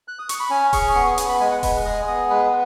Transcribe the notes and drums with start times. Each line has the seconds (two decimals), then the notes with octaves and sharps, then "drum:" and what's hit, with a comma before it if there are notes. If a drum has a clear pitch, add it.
0.08 F#6
0.19 D#6
0.29 C#6, drum: hi-hat
0.40 B5
0.50 C#4 G#5
0.73 G#4 C#6, drum: kick D#1, open hi-hat
0.95 B3 C#6
1.07 D#6
1.18 B3 D#6, drum: hi-hat
1.29 B5
1.40 G#3 G#5
1.51 F#5
1.63 G#3 B4, drum: kick D#1, open hi-hat
1.85 G#4 D#5
2.07 B3 D#5
2.30 G#3 B4